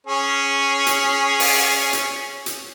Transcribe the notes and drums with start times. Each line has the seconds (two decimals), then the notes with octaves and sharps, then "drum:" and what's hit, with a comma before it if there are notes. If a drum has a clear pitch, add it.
0.07 C#4 G#4
0.87 drum: hi-hat
1.40 drum: open hi-hat
1.93 drum: hi-hat
2.46 drum: hi-hat